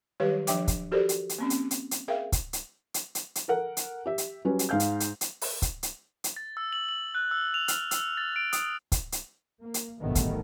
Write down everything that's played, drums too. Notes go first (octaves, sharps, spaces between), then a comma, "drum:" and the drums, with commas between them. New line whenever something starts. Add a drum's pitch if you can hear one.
D#3 F#3 G3 G4 B4 C#5
F3 D4 C#5 E5 G5 D6, drum: hi-hat
drum: kick, hi-hat
F#4 G4 A4 A#4 C5 D5
drum: hi-hat
drum: hi-hat
A#3 C4 C#4
drum: hi-hat
drum: hi-hat
drum: hi-hat
G#4 A#4 E5 F5 G5
drum: kick, hi-hat
drum: hi-hat
drum: hi-hat
drum: hi-hat
drum: hi-hat
A4 A#4 F#5
drum: hi-hat
G4 E5
drum: hi-hat
F#3 G3 C#4 B4
drum: hi-hat
G#2 F5 G6
drum: hi-hat
drum: hi-hat
drum: hi-hat
drum: open hi-hat
drum: kick, hi-hat
drum: hi-hat
drum: hi-hat
A6
E6
F#7
F#7
F#6
E6
F7
F6, drum: hi-hat
E6, drum: hi-hat
A6
D7
D#6, drum: hi-hat
drum: kick, hi-hat
drum: hi-hat
A#3
drum: hi-hat
A1 G2 B2 D#3 A3 B3
drum: kick, hi-hat